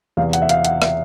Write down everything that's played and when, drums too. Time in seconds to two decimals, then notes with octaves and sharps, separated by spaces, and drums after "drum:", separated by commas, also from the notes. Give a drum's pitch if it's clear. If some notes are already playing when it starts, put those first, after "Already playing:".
0.17 E2 C3 E3 F5
0.33 F#5, drum: hi-hat
0.42 E5
0.49 F5, drum: hi-hat
0.65 F#5, drum: hi-hat
0.82 E5, drum: rim click